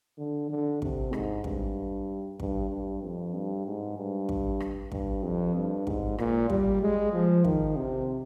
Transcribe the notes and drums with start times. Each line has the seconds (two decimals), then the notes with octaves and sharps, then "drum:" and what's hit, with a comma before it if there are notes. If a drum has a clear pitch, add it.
0.18 D3
0.50 D3
0.82 C3, drum: kick
1.13 G#2, drum: rim click
1.44 G2, drum: kick
2.40 G2, drum: kick
2.71 G2
3.03 F2
3.34 G2
3.66 G#2
3.97 G2
4.29 drum: kick
4.60 drum: rim click
4.92 G2, drum: kick
5.23 F2
5.55 G2
5.87 G#2, drum: kick
6.18 A#2, drum: rim click
6.50 G3, drum: kick
6.82 G#3
7.13 F3
7.45 D#3, drum: kick
7.76 C3